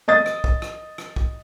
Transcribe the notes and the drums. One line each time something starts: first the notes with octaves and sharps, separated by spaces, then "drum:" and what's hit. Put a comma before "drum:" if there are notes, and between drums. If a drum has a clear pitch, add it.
D#5 D#6 A6
drum: rim click
drum: kick
drum: rim click
drum: rim click
drum: kick